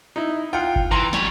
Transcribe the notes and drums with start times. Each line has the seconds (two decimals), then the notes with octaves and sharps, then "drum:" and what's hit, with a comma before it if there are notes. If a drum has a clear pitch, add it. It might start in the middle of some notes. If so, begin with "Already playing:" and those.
0.16 D#4 E4
0.53 F4 F#5 G5
0.76 drum: kick G1
0.91 E3 A#5 C6
1.13 G3 C#5, drum: snare